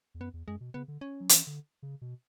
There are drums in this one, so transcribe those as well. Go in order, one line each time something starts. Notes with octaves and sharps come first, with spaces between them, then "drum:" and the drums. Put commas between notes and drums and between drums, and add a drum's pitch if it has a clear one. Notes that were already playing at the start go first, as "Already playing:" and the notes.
E2
F#2 B3
E2
F#2 G#3
B2
C#3 B3
D3
C#4
F#3
E3, drum: hi-hat
D3
C#3
B2